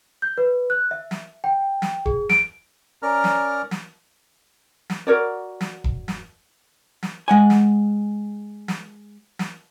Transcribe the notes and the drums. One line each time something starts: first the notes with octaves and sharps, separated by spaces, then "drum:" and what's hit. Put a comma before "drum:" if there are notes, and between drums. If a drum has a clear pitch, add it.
G6
B4
F#6
E5
drum: snare
G5
drum: snare
G#4, drum: kick E1
D7, drum: snare
C#4 A#4 D5 A#5 F6
drum: snare
drum: snare
drum: snare
F#4 A#4 C#5 D5
drum: snare
drum: kick E1
drum: snare
drum: snare
G#3 F#5 G#5
drum: snare
drum: snare
drum: snare